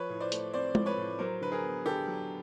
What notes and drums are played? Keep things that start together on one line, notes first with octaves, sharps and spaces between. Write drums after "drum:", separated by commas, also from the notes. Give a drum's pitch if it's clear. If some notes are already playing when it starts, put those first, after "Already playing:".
Already playing: F3 B4 C#5
A2
C5 D5
A3, drum: hi-hat
C4 C5 D5
F3, drum: tom G#3
B4 C#5
A2
F#3 A#4 C5
D3 B4
G#4 A#4
B3
D3 G4 A4
F#3